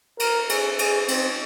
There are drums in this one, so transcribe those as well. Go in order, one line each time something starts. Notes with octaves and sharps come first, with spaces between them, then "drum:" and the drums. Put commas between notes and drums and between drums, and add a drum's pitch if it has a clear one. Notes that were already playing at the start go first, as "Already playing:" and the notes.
A#4, drum: cymbal
G#4, drum: cymbal
G#4, drum: cymbal
C4, drum: cymbal